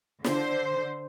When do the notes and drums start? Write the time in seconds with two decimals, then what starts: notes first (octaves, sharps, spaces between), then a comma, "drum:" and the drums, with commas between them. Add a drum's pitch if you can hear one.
0.24 D3 C5, drum: snare